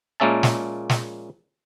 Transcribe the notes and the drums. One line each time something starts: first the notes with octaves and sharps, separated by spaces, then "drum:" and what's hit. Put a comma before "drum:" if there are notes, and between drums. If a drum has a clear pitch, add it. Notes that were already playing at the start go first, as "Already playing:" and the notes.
A#2 G#3 A#3 C#4 E5 A5
drum: snare
drum: snare